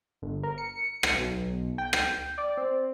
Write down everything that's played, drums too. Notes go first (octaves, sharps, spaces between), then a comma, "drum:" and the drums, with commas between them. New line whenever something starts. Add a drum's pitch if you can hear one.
G1
A#4
C#7
drum: rim click
B1
G5
drum: rim click
D5
C4